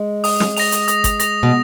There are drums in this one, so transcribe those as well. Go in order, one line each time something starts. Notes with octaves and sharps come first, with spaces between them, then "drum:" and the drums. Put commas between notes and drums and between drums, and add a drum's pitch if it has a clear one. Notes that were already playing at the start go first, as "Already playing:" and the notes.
Already playing: G#3
D#6, drum: open hi-hat
drum: snare
A#6 F7, drum: open hi-hat
drum: hi-hat
D#6, drum: hi-hat
drum: kick G1, hi-hat
A#6 F7, drum: hi-hat
B2